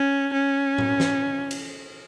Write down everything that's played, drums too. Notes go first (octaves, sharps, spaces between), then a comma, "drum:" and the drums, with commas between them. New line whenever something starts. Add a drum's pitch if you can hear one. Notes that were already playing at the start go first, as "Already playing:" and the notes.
Already playing: C#4
C#4
drum: tom A2
drum: snare
drum: cymbal